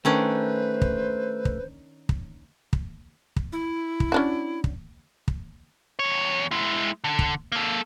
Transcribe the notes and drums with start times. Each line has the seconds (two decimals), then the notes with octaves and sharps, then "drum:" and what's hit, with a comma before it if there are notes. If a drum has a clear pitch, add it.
0.05 D#3 A3 C#4 D4 B4 C5
0.82 drum: kick
1.45 drum: kick
2.09 drum: kick
2.73 drum: kick
3.36 drum: kick
3.52 E4
4.00 drum: kick
4.12 C#4 D4 F#4
4.64 drum: kick
5.28 drum: kick
5.99 E2 C#5
6.51 G#3 E4
7.04 D3
7.19 drum: kick
7.52 A#3 A4